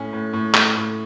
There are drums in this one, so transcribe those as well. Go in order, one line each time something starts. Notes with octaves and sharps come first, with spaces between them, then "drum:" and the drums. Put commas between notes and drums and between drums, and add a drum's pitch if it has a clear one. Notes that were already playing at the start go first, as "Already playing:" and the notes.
Already playing: A2 C#4
A2
A2
A2, drum: clap
A2